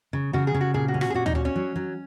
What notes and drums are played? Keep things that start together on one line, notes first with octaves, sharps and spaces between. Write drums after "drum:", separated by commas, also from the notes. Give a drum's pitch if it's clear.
C#3
C#3 F#4
G#4
C#3
F#4
A#2 G#4
F#4
C#4
F#4, drum: rim click
G#4
A#2 F#4
D#4, drum: tom
C#4 F#4
C#4
F#3
F#3